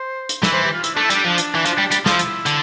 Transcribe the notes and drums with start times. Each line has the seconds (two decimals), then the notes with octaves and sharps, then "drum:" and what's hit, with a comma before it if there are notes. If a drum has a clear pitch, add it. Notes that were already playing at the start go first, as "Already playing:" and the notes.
Already playing: C5
0.29 drum: hi-hat
0.43 E3 E5, drum: snare
0.53 C5
0.64 G4
0.74 F4
0.84 E4, drum: hi-hat
0.94 A3 D4
1.04 E4
1.10 G3 D4, drum: hi-hat
1.24 F3 D4
1.38 drum: hi-hat
1.55 E3
1.66 F3, drum: hi-hat
1.78 G3
1.92 G3, drum: hi-hat
2.06 F3 E4, drum: snare
2.19 drum: hi-hat
2.46 D3, drum: hi-hat